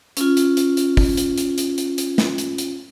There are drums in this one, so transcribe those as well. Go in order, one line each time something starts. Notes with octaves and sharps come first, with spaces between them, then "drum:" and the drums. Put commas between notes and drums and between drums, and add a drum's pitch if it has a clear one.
C#4 F4, drum: hi-hat
drum: hi-hat
drum: hi-hat
drum: hi-hat
drum: kick, open hi-hat
drum: hi-hat
drum: hi-hat
drum: hi-hat
drum: hi-hat
drum: hi-hat
drum: snare
drum: hi-hat
drum: hi-hat